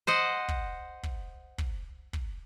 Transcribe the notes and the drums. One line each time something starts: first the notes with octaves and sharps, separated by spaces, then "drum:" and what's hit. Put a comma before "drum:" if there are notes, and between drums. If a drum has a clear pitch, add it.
C5 D#5 F#5
drum: kick
drum: kick
drum: kick
drum: kick